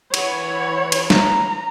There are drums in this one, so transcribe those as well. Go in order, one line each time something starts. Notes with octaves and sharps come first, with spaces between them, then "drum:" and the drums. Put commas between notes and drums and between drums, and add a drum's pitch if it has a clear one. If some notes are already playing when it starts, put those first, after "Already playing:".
E3 C#5 F#5 B5, drum: cymbal
drum: cymbal
A#5, drum: snare